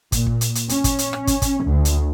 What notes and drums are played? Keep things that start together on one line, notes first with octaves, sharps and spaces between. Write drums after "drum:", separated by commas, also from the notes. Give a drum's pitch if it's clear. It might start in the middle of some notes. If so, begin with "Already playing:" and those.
A#2, drum: kick, hi-hat
drum: kick
drum: hi-hat
drum: hi-hat
C#4, drum: hi-hat
drum: kick, hi-hat
drum: hi-hat
drum: rim click
drum: kick, hi-hat
drum: kick, hi-hat
D2
drum: hi-hat